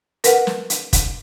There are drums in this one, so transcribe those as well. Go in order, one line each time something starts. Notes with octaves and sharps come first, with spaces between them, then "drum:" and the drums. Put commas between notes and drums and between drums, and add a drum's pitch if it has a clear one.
A#4 B4 F#5, drum: hi-hat
drum: snare
drum: hi-hat
drum: kick, hi-hat